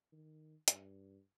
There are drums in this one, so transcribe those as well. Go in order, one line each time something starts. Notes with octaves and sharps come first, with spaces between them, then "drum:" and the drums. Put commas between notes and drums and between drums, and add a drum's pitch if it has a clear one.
D#3
G2, drum: hi-hat